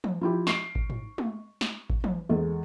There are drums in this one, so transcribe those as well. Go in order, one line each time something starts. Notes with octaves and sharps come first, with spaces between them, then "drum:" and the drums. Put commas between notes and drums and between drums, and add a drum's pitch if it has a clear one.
drum: tom E3
F3 E4 G4
C#6 C7 D7, drum: snare
drum: kick G#1
drum: tom G#2
drum: tom
drum: snare
drum: kick G#1
drum: tom E3
E2 G#3 A4